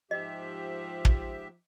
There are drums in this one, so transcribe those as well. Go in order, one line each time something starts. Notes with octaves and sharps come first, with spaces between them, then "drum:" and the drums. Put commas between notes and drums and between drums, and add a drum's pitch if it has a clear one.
G#2 F3 G4 D#5 E5
drum: kick